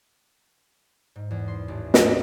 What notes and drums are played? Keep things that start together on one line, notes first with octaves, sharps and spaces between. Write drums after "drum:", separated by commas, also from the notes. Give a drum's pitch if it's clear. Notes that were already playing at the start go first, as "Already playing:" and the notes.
G#2
E2
C6
A1
drum: snare